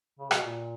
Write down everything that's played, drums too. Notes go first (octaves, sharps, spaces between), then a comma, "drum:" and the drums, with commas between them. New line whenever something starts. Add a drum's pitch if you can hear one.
C#3
B2, drum: rim click
A#2